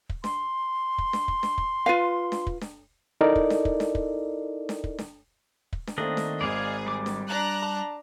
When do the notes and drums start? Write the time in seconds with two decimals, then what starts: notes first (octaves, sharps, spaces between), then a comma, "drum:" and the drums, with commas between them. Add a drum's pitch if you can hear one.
0.09 drum: kick
0.24 C6, drum: snare D4
0.98 drum: kick
1.13 drum: snare D4
1.28 drum: kick
1.43 drum: snare D4
1.58 drum: kick
1.86 F4 B4 F5
2.32 drum: snare D4
2.47 drum: kick
2.61 drum: snare D4
3.21 D#4 E4 A4 A#4 D5 D#5
3.35 drum: kick
3.50 drum: snare D4
3.65 drum: kick
3.80 drum: snare D4
3.95 drum: kick
4.69 drum: snare D4
4.84 drum: kick
4.98 drum: snare D4
5.73 drum: kick
5.87 drum: snare D4
5.98 D#3 A3 A#3 C4 D4 D#5
6.17 drum: snare D4
6.41 G#1 G#2 G#4 D5 F5 G#5
6.86 G3 D6
7.06 drum: snare D4
7.29 D4 A#5 F#6
7.63 A5